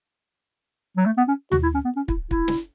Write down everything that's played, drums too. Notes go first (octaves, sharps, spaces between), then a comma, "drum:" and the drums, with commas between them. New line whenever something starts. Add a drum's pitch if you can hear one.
F#3
A3
B3
C#4
F#4, drum: tom D#2
E4
C#4
B3
C#4
E4, drum: kick
E4, drum: kick
drum: snare